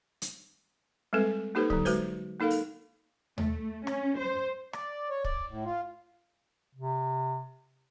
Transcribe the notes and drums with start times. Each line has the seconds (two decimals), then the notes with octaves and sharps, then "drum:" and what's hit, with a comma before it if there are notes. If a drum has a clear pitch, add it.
0.22 drum: hi-hat
1.13 G3 G#3 C4 A4 B4
1.55 A#3 D#4 G4 A4 B4 C5
1.70 D3 F#3, drum: kick
1.85 G#3 F#4 B4 C5, drum: open hi-hat
2.40 A#3 D#4 A4 A#4 F5
2.50 drum: open hi-hat
3.38 A3, drum: tom D#2
3.87 C#4, drum: rim click
4.19 C5
4.73 D5, drum: rim click
5.10 C#5
5.24 D5, drum: kick
5.49 A2
5.64 F4
6.75 C3